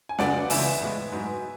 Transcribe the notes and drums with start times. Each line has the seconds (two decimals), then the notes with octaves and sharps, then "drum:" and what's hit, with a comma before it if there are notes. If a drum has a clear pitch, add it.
0.09 G#5
0.19 D2 C#3 F#3 B3 D5 F#5, drum: snare
0.50 C#2 C#3 E3 B3 E5 G#5, drum: open hi-hat
0.81 A2 G#3 B3
1.12 G#2 F#3 B3